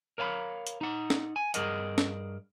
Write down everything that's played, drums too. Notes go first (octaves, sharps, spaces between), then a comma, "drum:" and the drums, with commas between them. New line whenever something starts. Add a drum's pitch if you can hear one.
A#4 C#5 F5 G#5 B5
drum: hi-hat
D#4 F#5
drum: snare
G#5
G2 G#4 A#4 D#5 F#5, drum: hi-hat
drum: snare